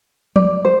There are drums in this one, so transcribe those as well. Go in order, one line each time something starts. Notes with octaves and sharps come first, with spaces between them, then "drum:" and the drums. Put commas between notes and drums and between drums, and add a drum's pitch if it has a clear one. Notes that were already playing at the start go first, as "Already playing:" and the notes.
D5, drum: tom F3
C5